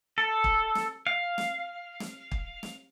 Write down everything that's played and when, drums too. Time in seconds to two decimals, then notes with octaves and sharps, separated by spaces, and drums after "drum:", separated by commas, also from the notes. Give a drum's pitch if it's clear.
0.18 A4
0.44 drum: kick
0.75 drum: snare
1.07 F5
1.38 drum: snare
2.00 drum: snare
2.31 drum: kick
2.63 drum: snare